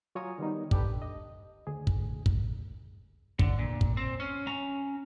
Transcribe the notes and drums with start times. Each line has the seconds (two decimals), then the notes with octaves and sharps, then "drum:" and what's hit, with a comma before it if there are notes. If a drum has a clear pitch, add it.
0.15 F#3 F4 C#5 G#5 A#5 D#6
0.38 D#3 G3 B3 D#4
0.71 D4 G4 A4 B4, drum: kick
1.02 D#5
1.67 D2 G#4
1.87 drum: kick
2.26 drum: kick
3.39 D3, drum: kick
3.59 A#2
3.81 drum: kick
3.97 C4
4.20 C#4
4.47 C#4 A#5